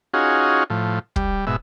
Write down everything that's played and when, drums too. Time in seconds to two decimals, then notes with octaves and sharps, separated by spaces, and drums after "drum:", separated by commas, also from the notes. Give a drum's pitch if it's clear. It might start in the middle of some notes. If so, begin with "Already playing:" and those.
0.14 C#4 D#4 F4 F#4 G#4
0.70 A2 F3
1.16 G3, drum: kick
1.47 G#2 B2 E5